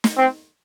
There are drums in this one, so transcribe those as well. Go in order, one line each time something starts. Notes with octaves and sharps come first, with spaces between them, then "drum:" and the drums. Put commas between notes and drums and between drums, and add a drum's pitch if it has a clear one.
drum: snare
C4